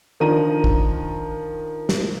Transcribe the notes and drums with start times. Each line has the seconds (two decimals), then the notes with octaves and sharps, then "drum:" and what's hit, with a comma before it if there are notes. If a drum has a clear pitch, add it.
0.20 D#3 F3 D4 A#5 D#7
0.64 drum: kick
1.89 drum: snare